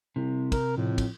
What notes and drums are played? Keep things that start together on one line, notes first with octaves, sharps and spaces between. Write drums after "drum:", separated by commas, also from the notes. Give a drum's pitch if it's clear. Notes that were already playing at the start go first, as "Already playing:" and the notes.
C2 C3
A#4, drum: kick, cymbal
F2 A2
drum: kick, cymbal